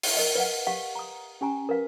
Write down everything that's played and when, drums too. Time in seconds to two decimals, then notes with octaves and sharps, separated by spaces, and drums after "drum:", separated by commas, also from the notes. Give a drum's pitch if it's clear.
0.03 drum: open hi-hat
0.15 A#4 D#5 F5
0.35 B4 F5 F#5
0.67 G4 F5 F#5
0.95 A#5 D#6
1.41 C#4 G4 G#5 A#5
1.69 A#4 B4 F5